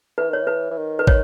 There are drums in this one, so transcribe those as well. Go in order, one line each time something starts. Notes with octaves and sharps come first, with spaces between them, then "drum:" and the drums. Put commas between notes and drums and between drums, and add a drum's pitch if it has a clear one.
E3 B4
D#3 C#5
E3 B4
E3
D#3
B4
C#5, drum: kick